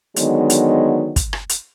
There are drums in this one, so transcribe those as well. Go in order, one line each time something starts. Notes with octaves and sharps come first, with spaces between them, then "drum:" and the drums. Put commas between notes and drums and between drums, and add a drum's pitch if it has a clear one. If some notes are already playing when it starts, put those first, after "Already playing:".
D3 D#3 F#3 G#3 B3, drum: hi-hat
drum: hi-hat
drum: kick, hi-hat
drum: rim click
drum: hi-hat